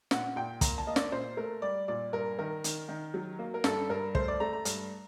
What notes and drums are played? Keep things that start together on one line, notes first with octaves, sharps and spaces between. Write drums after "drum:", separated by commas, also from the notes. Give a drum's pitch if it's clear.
A#2 F#5, drum: snare
A#2 G5
A#3 A#5, drum: kick, hi-hat
A5
A#3 D#5
D5, drum: snare
A#2 C5
A3 A#4
G3 D5
A#2 D5
G2 A#4
D#3 A#4
D#3, drum: hi-hat
D#3
F#3
A#3
A#4
G2 A4, drum: snare
G2 A#4
A3 C5, drum: kick
D5
A3 A#5
A#5
G2, drum: hi-hat